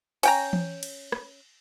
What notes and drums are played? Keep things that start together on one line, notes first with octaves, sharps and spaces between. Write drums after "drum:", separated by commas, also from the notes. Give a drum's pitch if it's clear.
C#4 G5 A#5, drum: cymbal
drum: tom E3
drum: cymbal
drum: rim click